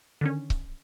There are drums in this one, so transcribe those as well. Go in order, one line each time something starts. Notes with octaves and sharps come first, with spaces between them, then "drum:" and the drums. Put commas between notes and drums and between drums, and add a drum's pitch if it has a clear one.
D3 D#3 C#4
drum: kick C#1